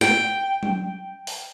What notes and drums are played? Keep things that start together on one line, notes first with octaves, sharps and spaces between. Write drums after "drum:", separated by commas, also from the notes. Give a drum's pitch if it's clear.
G5, drum: snare
drum: tom F#3
drum: open hi-hat